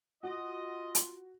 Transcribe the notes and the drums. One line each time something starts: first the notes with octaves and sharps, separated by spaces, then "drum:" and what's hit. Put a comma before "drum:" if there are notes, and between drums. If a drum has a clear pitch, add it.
F4 F#4 D#5
drum: hi-hat